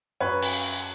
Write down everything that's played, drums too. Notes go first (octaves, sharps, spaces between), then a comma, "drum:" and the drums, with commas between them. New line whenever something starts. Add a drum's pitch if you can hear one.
F#2 B4 C#5
drum: open hi-hat